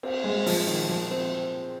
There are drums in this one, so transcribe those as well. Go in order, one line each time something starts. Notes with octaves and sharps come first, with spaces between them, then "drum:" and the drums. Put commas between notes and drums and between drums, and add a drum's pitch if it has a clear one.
C4, drum: cymbal
G#3
F3, drum: open hi-hat
D#3
F3
C4